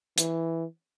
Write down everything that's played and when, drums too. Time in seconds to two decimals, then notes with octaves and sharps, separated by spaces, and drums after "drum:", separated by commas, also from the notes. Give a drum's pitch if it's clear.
0.18 E3, drum: hi-hat